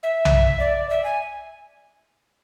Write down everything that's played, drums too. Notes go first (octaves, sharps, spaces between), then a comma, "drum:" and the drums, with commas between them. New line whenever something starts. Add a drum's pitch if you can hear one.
E5
drum: tom B1
D5
E5
G#5